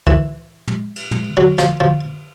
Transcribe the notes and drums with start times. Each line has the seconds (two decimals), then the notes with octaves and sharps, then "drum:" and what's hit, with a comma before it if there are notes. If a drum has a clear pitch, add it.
0.07 E3, drum: kick C#2
0.68 drum: tom
0.96 drum: cymbal
1.11 drum: tom
1.37 F#3
1.58 F3, drum: snare
1.80 F3